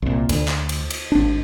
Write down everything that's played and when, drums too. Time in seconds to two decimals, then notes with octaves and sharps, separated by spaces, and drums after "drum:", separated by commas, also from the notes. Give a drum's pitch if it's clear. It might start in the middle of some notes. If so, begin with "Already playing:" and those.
0.02 C2 A#2
0.29 D2, drum: cymbal
0.48 drum: clap
0.69 drum: cymbal
0.90 drum: cymbal
1.12 G#1 D4